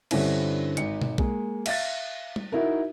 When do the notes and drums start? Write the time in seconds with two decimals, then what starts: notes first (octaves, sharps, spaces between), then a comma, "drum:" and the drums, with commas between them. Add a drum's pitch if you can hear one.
0.11 G2 D3 C4 C#4 E4, drum: cymbal
0.77 G#1 C#7, drum: hi-hat
1.02 drum: tom B2
1.18 G#3 A#3, drum: kick
1.66 E5 F5 A6, drum: cymbal
2.36 drum: tom G3
2.52 D#4 E4 F#4 A#4